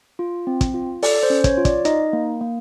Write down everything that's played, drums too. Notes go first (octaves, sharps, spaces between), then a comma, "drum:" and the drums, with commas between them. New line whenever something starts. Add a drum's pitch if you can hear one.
F4
C4
drum: kick, hi-hat
F4
A4 D5, drum: open hi-hat
C5
C#4
C#5, drum: kick, hi-hat
F4
D5, drum: kick, hi-hat
D#4 D#5, drum: hi-hat
A#3
A#3